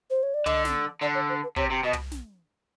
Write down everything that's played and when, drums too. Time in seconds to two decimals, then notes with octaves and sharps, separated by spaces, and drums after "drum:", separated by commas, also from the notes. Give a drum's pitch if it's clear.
0.10 C5
0.23 C#5
0.34 D5
0.46 D3 D#5, drum: tom
0.65 drum: snare
1.01 D3 D5
1.15 C#5
1.29 C5
1.43 B4
1.56 C3 C#5, drum: kick
1.70 C3
1.84 B2 D#5
1.93 drum: tom
2.12 drum: snare